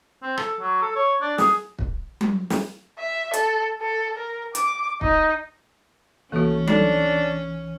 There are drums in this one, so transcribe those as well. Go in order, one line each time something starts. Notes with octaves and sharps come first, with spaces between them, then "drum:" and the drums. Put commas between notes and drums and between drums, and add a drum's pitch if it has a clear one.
C4
A4, drum: rim click
F#3
A4
C#5
D4
G#4, drum: snare
drum: kick
drum: tom F#3
drum: snare
E5
A4, drum: hi-hat
A4
A#4
D6, drum: hi-hat
D#4, drum: kick
C2 E3 A3 A#3 C#4 F#4
D4 D#4 A4, drum: tom F#3